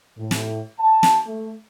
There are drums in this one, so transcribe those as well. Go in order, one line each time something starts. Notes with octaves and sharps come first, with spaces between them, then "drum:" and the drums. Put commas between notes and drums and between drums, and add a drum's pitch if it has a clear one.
A2
drum: snare
A5
drum: snare
A3